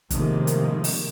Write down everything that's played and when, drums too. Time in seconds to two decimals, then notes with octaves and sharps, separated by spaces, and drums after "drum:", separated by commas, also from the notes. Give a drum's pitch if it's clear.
0.10 A2 C3 D#3 F3 G#3 A#3, drum: kick, hi-hat
0.47 drum: hi-hat
0.84 drum: open hi-hat